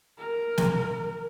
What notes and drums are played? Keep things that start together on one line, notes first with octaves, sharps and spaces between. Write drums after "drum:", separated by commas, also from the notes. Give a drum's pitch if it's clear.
A#4
drum: snare